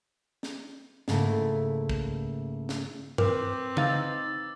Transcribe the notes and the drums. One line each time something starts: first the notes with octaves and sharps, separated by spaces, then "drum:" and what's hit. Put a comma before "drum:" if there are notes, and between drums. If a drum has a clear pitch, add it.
drum: snare
G#2 C#3 A3 A#3 E4, drum: snare
drum: kick
drum: snare
C4 A#4 B4 D6, drum: tom G2
D#4 F5 E6 A6, drum: tom